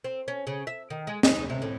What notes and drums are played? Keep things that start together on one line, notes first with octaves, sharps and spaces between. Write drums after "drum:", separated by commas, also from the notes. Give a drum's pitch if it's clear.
C4
C#4
C#3
E5
D#3
G#3
D#4, drum: snare
C3
A2